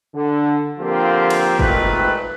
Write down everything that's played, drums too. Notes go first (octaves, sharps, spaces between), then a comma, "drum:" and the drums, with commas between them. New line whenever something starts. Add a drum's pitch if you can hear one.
D3
D3 F3 A#3 C4 F4 G4
drum: cymbal
G#1 A#2 D#3 A3 C4 B4, drum: kick